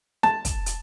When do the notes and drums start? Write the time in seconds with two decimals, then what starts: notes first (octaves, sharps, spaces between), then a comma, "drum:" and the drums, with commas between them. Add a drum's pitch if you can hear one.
0.23 A5, drum: snare
0.45 drum: kick, hi-hat
0.66 drum: hi-hat